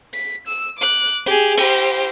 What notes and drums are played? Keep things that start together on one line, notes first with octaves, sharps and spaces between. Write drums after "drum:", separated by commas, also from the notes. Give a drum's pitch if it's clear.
B6
E6
D6 F#6
G4 G#4, drum: hi-hat
G4 C5, drum: cymbal
drum: open hi-hat